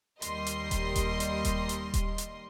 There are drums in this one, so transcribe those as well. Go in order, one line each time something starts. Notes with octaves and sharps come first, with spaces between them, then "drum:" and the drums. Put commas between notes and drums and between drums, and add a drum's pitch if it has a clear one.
D#2 G3 A#4 D#5 C6, drum: hi-hat
drum: hi-hat
drum: kick D#1, hi-hat
drum: kick D#1, hi-hat
drum: hi-hat
drum: kick D#1, hi-hat
drum: hi-hat
drum: kick D#1, hi-hat
drum: hi-hat